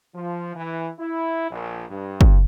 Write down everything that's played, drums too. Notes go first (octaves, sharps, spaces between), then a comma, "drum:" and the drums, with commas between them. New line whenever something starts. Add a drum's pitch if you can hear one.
F3
E3
E4
A#1
G2
drum: kick